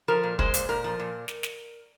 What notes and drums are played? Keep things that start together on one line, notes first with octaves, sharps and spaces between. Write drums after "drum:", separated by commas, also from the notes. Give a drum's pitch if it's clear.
F3 A#4
A#2
G#3 C5, drum: kick
A#2, drum: hi-hat
A#2 A#4
F3
A#2
drum: snare
drum: snare